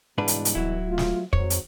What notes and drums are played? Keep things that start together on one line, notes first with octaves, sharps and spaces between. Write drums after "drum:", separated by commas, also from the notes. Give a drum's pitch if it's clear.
C2 G#2 B2 E3 D4 B4
drum: hi-hat
drum: hi-hat
D1 F#3 E4
A3 F4
drum: snare
G#1 F2 F#3 C5 C#5, drum: kick
drum: hi-hat